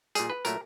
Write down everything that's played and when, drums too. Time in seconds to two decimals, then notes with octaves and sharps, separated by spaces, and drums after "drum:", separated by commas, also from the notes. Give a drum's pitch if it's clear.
0.15 A#2 G3 G#4, drum: hi-hat
0.30 B4
0.45 A#2 F#3 A3 A#4, drum: hi-hat